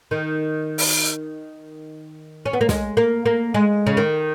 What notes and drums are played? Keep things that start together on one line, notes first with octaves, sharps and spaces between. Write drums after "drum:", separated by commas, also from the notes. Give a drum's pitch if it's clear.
D#3
drum: open hi-hat
C#4
B3
A#3
G#3, drum: snare
A#3
A#3
G#3
C#3
D#3